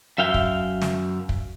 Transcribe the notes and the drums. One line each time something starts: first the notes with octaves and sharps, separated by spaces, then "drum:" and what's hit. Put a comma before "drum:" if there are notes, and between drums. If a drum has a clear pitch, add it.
F#2 E5 F5 G5
drum: kick
drum: snare
drum: kick